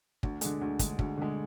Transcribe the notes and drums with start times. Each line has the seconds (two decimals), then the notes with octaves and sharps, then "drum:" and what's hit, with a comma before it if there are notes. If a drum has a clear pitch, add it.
0.23 D2, drum: kick
0.41 D3 G#3, drum: hi-hat
0.61 D2
0.79 D3 G#3, drum: kick, hi-hat
0.99 D2, drum: kick
1.17 D3 G#3